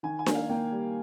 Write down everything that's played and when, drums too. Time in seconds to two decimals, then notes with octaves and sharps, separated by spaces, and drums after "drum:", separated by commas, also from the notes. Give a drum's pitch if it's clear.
0.03 D#3 G#5
0.19 G#5
0.26 A#3, drum: snare D4
0.34 F5
0.50 A#3 G5
0.72 G3